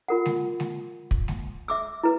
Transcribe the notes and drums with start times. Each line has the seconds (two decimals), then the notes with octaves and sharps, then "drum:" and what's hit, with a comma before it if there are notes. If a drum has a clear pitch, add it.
0.08 F4 A#4 F#5
0.26 drum: snare G#3
0.60 drum: snare G#3
1.11 drum: kick
1.28 drum: snare G#3
1.68 E5 D6 E6
2.03 E4 B4